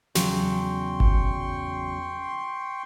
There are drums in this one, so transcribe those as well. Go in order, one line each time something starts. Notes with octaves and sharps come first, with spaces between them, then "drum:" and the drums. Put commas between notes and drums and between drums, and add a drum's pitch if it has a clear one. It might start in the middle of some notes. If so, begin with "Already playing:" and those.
E2 C#3 F#3 G5 C6 C#6, drum: snare
drum: kick G#1